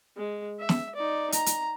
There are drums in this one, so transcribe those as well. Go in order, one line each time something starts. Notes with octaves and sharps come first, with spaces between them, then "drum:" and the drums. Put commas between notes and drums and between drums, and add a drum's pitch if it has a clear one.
G#3
E5
drum: snare
D#4 D5
A#5, drum: hi-hat
drum: hi-hat